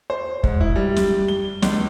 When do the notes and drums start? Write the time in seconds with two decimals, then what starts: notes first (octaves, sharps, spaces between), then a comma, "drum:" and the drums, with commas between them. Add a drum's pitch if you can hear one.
0.10 C5
0.43 G#2, drum: kick
0.60 E4
0.76 G3
0.96 drum: snare
1.28 G7
1.62 C#2, drum: snare